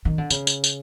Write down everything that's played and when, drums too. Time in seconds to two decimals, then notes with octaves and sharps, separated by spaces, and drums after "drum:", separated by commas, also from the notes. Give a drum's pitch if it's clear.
0.05 D#3
0.18 D3
0.30 C#3, drum: tambourine
0.47 drum: tambourine
0.64 drum: tambourine